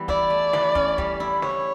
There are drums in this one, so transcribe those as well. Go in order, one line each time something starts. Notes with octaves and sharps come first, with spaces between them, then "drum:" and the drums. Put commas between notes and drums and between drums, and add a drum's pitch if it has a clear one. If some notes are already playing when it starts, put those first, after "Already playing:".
Already playing: E3 G3 B3
E4 D5, drum: kick
A3
E3, drum: snare
C#4, drum: kick
G3, drum: kick
E4
E4 C#5, drum: snare